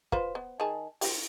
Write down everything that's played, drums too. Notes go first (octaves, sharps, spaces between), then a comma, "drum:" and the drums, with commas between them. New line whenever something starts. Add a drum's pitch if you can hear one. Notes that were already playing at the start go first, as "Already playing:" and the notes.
F4 B4 C5, drum: kick
B3
D#3 G#4 A5
G4 C5, drum: open hi-hat